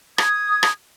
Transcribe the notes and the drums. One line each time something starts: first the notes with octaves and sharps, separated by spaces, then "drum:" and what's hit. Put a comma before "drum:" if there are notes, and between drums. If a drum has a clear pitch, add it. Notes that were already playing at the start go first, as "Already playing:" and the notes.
D#6 G#6, drum: rim click
drum: rim click